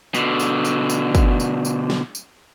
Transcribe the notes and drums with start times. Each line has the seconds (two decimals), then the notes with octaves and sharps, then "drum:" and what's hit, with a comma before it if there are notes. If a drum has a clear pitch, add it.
0.14 B2 D3, drum: tambourine
0.39 drum: tambourine
0.65 drum: tambourine
0.90 drum: tambourine
1.15 drum: kick, tambourine
1.40 drum: tambourine
1.65 drum: tambourine
1.90 drum: snare
2.15 drum: tambourine